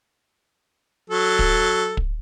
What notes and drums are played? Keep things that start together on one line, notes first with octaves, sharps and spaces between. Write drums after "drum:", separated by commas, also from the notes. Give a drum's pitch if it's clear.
F#3 A4
drum: kick
drum: kick